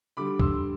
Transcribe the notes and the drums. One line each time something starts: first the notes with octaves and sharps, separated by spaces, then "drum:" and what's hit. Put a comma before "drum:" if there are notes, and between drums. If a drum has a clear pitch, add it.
D3 G3 B5 D6
C6 E6, drum: kick